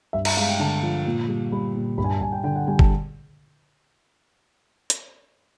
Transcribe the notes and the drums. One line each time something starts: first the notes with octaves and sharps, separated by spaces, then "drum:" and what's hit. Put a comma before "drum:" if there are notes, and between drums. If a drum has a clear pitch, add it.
G2 E5
E5, drum: cymbal
G#3 F5
G5
D3 A5
F3
A#2
G3
G3 B5
A#2
G2 B5
G#5
A5
G2 G#5
G5
D3 G5
F#5
G3 G#5
A5, drum: kick G1
drum: hi-hat